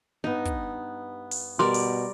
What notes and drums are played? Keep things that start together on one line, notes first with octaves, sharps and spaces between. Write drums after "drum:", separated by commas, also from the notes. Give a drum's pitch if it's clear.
G2 B3 D#4
drum: kick, hi-hat
drum: open hi-hat
B2 G3 A#4 D5 C6
drum: open hi-hat